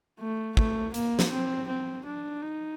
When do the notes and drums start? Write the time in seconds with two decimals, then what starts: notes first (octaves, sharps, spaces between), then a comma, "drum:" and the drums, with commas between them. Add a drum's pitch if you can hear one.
0.20 A3
0.57 A3, drum: kick
0.94 A#3, drum: hi-hat
1.19 drum: snare
1.31 C4
1.68 C4
2.05 D4
2.42 D#4